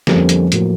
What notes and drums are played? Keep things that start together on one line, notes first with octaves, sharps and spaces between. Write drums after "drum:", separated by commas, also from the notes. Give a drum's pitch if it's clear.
F2 D3 F3 G3 A#3 C#4, drum: snare
drum: hi-hat
A2 F#3 A#3, drum: hi-hat